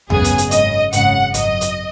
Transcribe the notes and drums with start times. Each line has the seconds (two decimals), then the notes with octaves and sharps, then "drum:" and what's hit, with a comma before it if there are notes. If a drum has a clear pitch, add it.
0.10 G#1 F#2 C#3 B3 G#4, drum: tom D#2
0.24 drum: hi-hat
0.38 drum: hi-hat
0.51 G#1 F#2 C#3 D#5, drum: hi-hat
0.93 G#1 F#2 C#3 F#5, drum: hi-hat
1.34 G#1 F#2 F#3 D#5, drum: hi-hat
1.61 drum: hi-hat